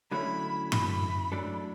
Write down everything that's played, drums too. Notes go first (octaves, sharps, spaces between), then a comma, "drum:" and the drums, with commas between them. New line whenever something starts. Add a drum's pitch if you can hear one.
D3 F#3 A3 C#4 E4 B5
B5, drum: tom G2
F#3 A3 D4 A4